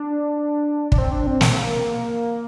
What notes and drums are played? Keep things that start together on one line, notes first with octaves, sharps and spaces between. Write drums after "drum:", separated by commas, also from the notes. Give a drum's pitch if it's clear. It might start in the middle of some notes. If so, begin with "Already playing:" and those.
Already playing: D4
D4, drum: kick
C4
D4
C4
A#3, drum: snare